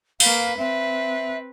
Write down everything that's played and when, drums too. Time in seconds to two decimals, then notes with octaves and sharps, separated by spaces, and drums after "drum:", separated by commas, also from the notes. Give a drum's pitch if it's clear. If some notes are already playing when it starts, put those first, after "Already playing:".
0.20 A#3 B4 F5, drum: open hi-hat
0.58 C4 B4 E5